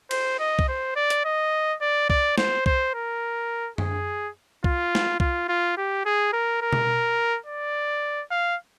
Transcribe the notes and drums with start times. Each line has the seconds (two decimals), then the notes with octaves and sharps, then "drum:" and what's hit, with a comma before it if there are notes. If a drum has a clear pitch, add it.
0.11 C5, drum: cymbal
0.39 D#5
0.59 drum: kick C2
0.68 C5
0.96 D5
1.10 drum: hi-hat
1.25 D#5
1.81 D5
2.10 D5, drum: kick C2
2.38 C5, drum: snare
2.66 C5, drum: kick C2
2.94 A#4
3.78 G#4, drum: tom F#2
4.64 F4, drum: kick C2
4.95 drum: snare
5.20 F4, drum: kick C2
5.49 F4
5.77 G4
6.05 G#4
6.33 A#4
6.62 A#4
6.73 drum: tom B2
7.46 D5
8.31 F5